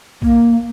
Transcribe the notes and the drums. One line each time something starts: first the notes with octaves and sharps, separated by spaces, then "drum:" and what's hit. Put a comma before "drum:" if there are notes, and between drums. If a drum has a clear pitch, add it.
A#3, drum: kick A#1